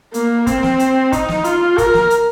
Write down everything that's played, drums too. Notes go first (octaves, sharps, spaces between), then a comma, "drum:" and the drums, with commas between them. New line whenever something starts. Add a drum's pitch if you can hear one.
A#3, drum: hi-hat
C4, drum: kick, hi-hat
drum: snare
drum: hi-hat
D#4, drum: kick, hi-hat
drum: snare
F4, drum: hi-hat
A#4, drum: kick, hi-hat
drum: snare
drum: hi-hat